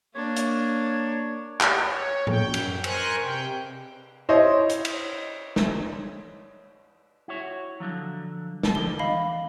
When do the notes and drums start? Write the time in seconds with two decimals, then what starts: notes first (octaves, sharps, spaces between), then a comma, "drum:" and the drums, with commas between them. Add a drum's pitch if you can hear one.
0.15 A#3 D4 C#5
0.36 drum: hi-hat
1.61 drum: clap
1.84 C#5
2.27 F#2 G5, drum: tom A2
2.54 drum: cymbal
2.84 A#4 C5 G#5 C#6 F#6, drum: cymbal
3.21 C3 G5
4.29 E4 C5 C#5 D#5
4.70 drum: hi-hat
4.85 drum: cymbal
5.56 drum: snare
7.28 E4 F#4 C#5
7.80 D3 F3 F#3
8.63 drum: snare
8.75 D3 F3 G7
8.99 E2 D#5 F5 B5